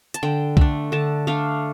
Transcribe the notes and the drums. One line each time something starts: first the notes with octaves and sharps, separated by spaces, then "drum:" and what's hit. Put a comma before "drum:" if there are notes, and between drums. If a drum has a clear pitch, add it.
A5, drum: hi-hat
D3 G5
A3 D4, drum: kick
D3 A5
A3 D4 F5